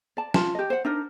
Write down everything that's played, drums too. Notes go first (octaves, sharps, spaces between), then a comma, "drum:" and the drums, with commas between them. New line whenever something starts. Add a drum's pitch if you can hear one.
D5 A5
F4 A5, drum: snare
G4 D#5
C5 F#5
D4 D#4 A#4